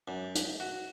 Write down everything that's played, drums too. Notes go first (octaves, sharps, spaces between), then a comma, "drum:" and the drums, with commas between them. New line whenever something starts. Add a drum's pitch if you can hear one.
F#2
drum: hi-hat
F#4